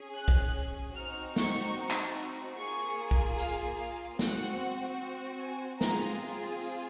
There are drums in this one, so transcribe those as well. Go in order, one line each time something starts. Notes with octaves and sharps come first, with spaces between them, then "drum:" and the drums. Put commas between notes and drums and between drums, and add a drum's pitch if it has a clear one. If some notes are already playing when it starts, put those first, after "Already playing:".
Already playing: C#4 G#4
F#6
drum: kick B1
C4 D#4 F#4 F6
C#6, drum: snare
drum: clap
A#3 F4 G#4 C#6
drum: kick B1
F5, drum: hi-hat
F5
C4 F#4 F#5, drum: snare
G#5
C4 F4 G#4 A#5, drum: snare
drum: tambourine